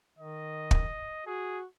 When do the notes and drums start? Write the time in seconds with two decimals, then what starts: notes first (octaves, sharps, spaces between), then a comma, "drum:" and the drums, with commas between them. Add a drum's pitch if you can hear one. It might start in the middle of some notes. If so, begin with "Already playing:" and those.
0.19 D#3 D#5
0.71 drum: kick
1.27 F#4 G#4